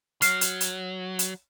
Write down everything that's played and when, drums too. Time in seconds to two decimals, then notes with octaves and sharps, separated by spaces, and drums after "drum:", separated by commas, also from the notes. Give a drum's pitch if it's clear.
0.22 F#3 F6 C7, drum: hi-hat
0.41 drum: hi-hat
0.61 drum: hi-hat
1.19 drum: hi-hat